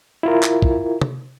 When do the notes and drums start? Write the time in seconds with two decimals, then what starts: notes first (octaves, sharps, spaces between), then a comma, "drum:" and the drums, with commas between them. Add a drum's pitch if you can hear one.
0.23 E4 F4 A#4
0.43 drum: clap
0.62 drum: kick
1.01 drum: tom